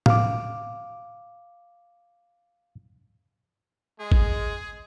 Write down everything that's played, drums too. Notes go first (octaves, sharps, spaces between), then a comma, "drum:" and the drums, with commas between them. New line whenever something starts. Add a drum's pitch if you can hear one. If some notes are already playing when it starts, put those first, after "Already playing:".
F5 D6, drum: tom A2
G#3 G#4
drum: kick